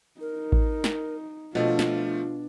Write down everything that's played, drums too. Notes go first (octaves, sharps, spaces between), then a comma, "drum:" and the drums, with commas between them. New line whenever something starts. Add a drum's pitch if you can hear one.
D#4 A#4
drum: kick A1
drum: snare
B2 F3 A3 D4 F4
drum: snare